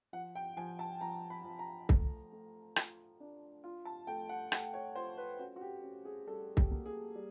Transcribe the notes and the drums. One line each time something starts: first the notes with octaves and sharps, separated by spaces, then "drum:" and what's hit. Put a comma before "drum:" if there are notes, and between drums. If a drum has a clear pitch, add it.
F3 F#5
G5
F3 G#5
A5
F3 A#5
B5
F3
A#5
A3, drum: kick C2
A3
F4, drum: rim click
D4
F4
A5
A3 G5
F#5
A3 F#5, drum: rim click
C#5
F4 C5
B4
C#4 F#4
F#4
G4
C#4
G#4
G3 A4
G4, drum: kick C2
A#3
G#4
G3